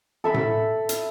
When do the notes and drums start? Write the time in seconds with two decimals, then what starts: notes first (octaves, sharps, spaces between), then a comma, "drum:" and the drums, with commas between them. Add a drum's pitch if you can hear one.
0.24 A4 E5 B5
0.34 drum: tom A2
0.89 drum: hi-hat